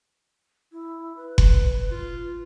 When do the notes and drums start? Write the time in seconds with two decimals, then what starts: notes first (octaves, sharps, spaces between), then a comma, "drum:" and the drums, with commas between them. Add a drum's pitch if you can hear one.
0.72 E4
1.17 B4
1.38 drum: kick F#1
1.91 F4